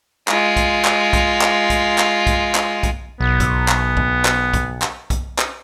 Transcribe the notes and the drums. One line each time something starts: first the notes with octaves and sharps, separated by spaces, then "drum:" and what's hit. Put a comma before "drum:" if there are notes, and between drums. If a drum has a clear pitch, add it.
G#3 F4, drum: clap
drum: kick B1, hi-hat
drum: clap
drum: kick B1, hi-hat
drum: clap
drum: kick B1, hi-hat
drum: clap
drum: kick B1, hi-hat
drum: clap
drum: kick B1, hi-hat
B1 B3
drum: kick B1, hi-hat
drum: clap
drum: kick B1
drum: clap
drum: kick B1, hi-hat
drum: clap
drum: kick B1, hi-hat
drum: clap